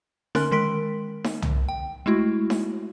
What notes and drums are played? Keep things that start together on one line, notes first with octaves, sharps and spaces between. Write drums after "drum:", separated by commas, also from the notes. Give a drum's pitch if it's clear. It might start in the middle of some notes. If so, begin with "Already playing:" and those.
D3 C#4 A#4 C6 F#6, drum: snare D#4
D#3 G#3 A#4 C6 B6 D7
drum: snare D#4
drum: tom
G5
G#3 A3 E4 F#4
drum: snare D#4